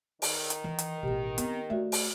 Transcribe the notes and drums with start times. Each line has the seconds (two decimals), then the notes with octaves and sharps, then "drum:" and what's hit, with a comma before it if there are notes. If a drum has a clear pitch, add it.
0.22 D#3, drum: open hi-hat
0.50 drum: hi-hat
0.64 E3
0.79 drum: hi-hat
1.03 A1 B2 G4
1.38 B3 C4, drum: hi-hat
1.70 A3 F#4 D5 E5
1.92 drum: open hi-hat